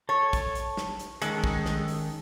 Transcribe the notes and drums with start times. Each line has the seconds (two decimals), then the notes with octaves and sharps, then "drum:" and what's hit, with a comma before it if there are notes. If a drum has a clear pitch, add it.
0.09 A4 C#5 A5
0.33 drum: kick, hi-hat
0.55 drum: hi-hat
0.77 drum: snare
0.99 drum: hi-hat
1.22 D#3 G#3 C#4 A4, drum: hi-hat
1.44 drum: kick
1.66 drum: snare
1.88 drum: open hi-hat